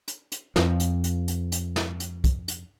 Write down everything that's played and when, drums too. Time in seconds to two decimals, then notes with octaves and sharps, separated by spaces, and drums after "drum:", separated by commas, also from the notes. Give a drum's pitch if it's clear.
0.08 drum: hi-hat
0.32 drum: hi-hat
0.56 F2 F3, drum: snare
0.80 drum: hi-hat
1.04 drum: hi-hat
1.28 drum: hi-hat
1.52 drum: hi-hat
1.76 drum: snare
2.00 drum: hi-hat
2.24 drum: kick, hi-hat
2.48 drum: hi-hat